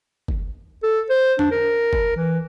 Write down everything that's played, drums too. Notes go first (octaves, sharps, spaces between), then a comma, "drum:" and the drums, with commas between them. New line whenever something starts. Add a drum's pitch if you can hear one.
drum: kick
A4
C5
D4, drum: tom F2
A#4
drum: kick
E3